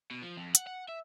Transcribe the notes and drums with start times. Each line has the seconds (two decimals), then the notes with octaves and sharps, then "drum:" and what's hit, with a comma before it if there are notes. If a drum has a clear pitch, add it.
0.11 B2
0.22 F3
0.37 F2
0.55 F#5, drum: hi-hat
0.67 F#5
0.88 E5